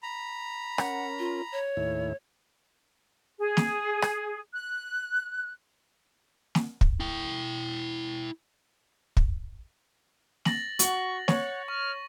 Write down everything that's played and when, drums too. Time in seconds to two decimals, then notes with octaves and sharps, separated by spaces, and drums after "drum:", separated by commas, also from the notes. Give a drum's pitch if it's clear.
0.03 A#5 B5
0.78 C#4 A#4 F#5, drum: rim click
1.19 F4
1.52 C#5
1.77 D#2 A2 E4
3.39 G#4
3.57 drum: snare
4.02 drum: rim click
4.53 F#6
6.55 drum: snare
6.81 drum: kick
7.00 E4 G5
9.17 drum: kick
10.45 A6 A#6 F#7, drum: snare
10.79 F#4 F#5 C#6, drum: hi-hat
11.28 C#5 F#5, drum: snare
11.68 C#6 F6